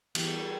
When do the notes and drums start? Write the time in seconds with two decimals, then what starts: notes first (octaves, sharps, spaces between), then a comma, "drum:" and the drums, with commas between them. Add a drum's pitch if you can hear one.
0.15 E3 G3 B3 E4 G4, drum: cymbal